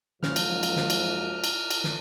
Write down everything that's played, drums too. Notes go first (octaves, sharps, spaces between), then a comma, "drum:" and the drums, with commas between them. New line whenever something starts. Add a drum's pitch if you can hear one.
F#1 G#2 C#3 F3 C#4 F6, drum: snare
drum: cymbal
drum: cymbal
drum: snare
drum: cymbal
drum: cymbal
drum: cymbal
drum: snare